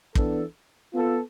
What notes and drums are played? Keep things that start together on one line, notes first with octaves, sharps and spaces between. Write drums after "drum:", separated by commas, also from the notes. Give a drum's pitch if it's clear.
E3 B3 D4 A4, drum: kick
B3 F4 A4